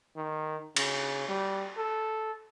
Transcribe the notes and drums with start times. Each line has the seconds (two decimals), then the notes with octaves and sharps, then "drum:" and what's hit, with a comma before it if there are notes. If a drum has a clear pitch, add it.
0.16 D#3
0.76 C#3, drum: cymbal
1.28 G3
1.78 A4